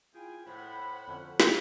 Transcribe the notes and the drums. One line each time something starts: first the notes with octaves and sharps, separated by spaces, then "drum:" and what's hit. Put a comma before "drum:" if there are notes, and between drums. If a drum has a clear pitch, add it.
E4 F4 G#4 G5 G#5
A2 C5 F#5 B5
F2 D3 C#4
drum: snare